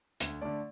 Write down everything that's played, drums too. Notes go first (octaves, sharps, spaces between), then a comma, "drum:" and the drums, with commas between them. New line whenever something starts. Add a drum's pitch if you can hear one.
D2, drum: hi-hat
D3 A3 D5